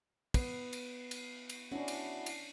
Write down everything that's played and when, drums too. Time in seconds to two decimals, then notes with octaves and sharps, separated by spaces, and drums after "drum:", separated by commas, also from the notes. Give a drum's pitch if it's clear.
0.34 B3, drum: kick, cymbal
0.73 drum: cymbal
1.11 drum: cymbal
1.50 drum: cymbal
1.72 C#4 D4 E4 F#4
1.88 drum: cymbal
2.26 drum: cymbal